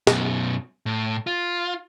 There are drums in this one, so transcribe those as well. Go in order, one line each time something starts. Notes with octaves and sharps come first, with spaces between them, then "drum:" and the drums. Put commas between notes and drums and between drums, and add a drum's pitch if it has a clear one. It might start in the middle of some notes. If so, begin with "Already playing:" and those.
F#2 B2, drum: snare
A2
F4